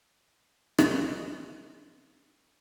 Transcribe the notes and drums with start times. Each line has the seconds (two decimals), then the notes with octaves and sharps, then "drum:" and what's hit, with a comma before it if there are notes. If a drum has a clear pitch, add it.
0.14 C#4 C#5 D5 G#5 A#5
0.79 drum: rim click